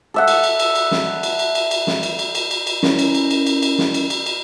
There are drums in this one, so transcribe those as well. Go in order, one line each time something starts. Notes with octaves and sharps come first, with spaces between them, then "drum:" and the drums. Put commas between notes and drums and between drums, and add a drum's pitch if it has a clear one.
A4 E5 F#5
drum: cymbal
drum: cymbal
drum: cymbal
drum: cymbal
drum: snare
drum: cymbal
drum: cymbal
drum: cymbal
drum: cymbal
drum: snare
drum: cymbal
drum: cymbal
drum: cymbal
drum: cymbal
drum: cymbal
C#4 E4 A#4 B4 C#5, drum: snare
drum: cymbal
drum: cymbal
drum: cymbal
drum: cymbal
drum: cymbal
drum: snare
drum: cymbal
drum: cymbal
drum: cymbal